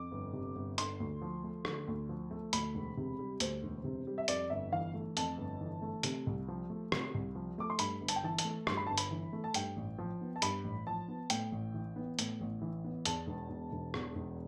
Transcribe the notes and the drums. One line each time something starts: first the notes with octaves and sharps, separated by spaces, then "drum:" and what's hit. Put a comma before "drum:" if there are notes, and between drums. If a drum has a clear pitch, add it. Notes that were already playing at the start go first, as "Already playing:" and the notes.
Already playing: F2 D6
G1
C3
G1
D3 C6, drum: hi-hat
D2
F3
A3
D3, drum: rim click
D2
F3
A3
D2 B5, drum: hi-hat
E1
C3
G3
D2 C5, drum: hi-hat
E1
C3
G3
E5
F2 D5, drum: hi-hat
G1 E5
E3 F5
A3
F2 A5, drum: hi-hat
G1
E3
A3
C3, drum: hi-hat
C2
F3
A3
C3, drum: rim click
C2
F3
A3 D6
C6
G2 B5, drum: hi-hat
G1
A5, drum: hi-hat
G5
E3 A5
A5, drum: hi-hat
A3
G2 C6, drum: rim click
B5
G1 A5
B5, drum: hi-hat
E3
A3
A5
G2 G5, drum: hi-hat
A1
F3
B3
A5
G2 B5, drum: hi-hat
A1
F3 A5
B3
A2 G5, drum: hi-hat
A1
E3
B3
A2, drum: hi-hat
A1
E3
B3
E2 A5, drum: hi-hat
E1
B2
E1
E2, drum: rim click
E1